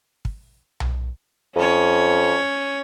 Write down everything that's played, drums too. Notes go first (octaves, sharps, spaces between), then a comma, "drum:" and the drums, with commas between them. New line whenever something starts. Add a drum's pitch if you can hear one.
drum: kick
drum: tom B1
F2 C#4 C#5